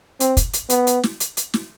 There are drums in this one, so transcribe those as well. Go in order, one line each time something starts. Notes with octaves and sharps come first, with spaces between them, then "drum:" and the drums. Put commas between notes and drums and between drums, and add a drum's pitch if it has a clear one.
C4, drum: hi-hat
drum: kick, hi-hat
drum: hi-hat
B3, drum: hi-hat
drum: hi-hat
drum: snare
drum: hi-hat
drum: hi-hat
drum: snare